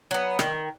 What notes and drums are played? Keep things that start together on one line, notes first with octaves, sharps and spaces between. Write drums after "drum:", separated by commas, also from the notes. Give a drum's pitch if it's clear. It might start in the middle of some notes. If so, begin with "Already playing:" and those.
F#3 B3
D#3, drum: rim click